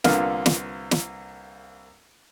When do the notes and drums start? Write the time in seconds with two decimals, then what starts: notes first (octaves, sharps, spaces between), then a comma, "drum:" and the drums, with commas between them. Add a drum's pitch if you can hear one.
0.04 C2 D3 A#3 B3 F4 F6, drum: snare
0.46 drum: snare
0.91 drum: snare